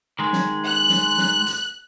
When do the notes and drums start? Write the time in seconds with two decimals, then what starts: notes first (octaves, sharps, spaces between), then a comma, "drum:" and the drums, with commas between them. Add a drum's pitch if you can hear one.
0.19 D#3 G#3
0.33 drum: snare
0.65 F#6
0.90 drum: snare
1.18 drum: snare
1.47 drum: hi-hat